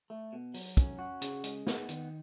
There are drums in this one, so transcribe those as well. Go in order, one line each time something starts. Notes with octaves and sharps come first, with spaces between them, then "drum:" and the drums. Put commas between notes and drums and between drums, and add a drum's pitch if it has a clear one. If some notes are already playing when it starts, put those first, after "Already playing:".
A3
B2
F#3, drum: open hi-hat
C#4, drum: kick, hi-hat
F#4
C#3, drum: hi-hat
G#3, drum: hi-hat
B3, drum: snare
D#3, drum: hi-hat